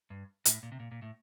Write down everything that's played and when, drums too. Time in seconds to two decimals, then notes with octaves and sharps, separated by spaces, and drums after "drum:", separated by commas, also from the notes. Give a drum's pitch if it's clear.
0.10 G2
0.45 A2, drum: hi-hat
0.63 A#2
0.72 C3
0.80 A#2
0.92 A#2
1.02 A2